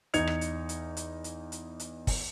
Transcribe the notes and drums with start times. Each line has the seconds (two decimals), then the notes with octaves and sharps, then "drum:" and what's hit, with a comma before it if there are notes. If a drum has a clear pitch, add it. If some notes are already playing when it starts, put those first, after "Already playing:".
0.14 E2 D#4 G#6 C#7 F7, drum: hi-hat
0.27 drum: rim click
0.41 drum: hi-hat
0.69 drum: hi-hat
0.97 drum: hi-hat
1.24 drum: hi-hat
1.52 drum: hi-hat
1.80 drum: hi-hat
2.07 drum: kick, open hi-hat